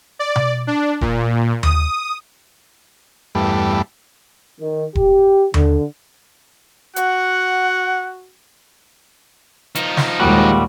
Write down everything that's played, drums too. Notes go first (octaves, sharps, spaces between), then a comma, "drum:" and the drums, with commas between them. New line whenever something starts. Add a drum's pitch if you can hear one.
D5
drum: tom B2
D4
A#2, drum: kick E1
D#6, drum: tom D#2
E2 G2 G3 A3 B3
D#3
G4, drum: kick E1
D3, drum: tom D#2
F#4 F#5, drum: hi-hat
F3 D#4, drum: hi-hat
drum: snare
D#2 A#2 G3 G#3 F#4